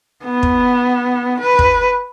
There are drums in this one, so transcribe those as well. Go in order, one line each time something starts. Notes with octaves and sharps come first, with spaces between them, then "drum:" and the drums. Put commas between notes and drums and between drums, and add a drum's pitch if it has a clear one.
B3
drum: kick
B4
drum: kick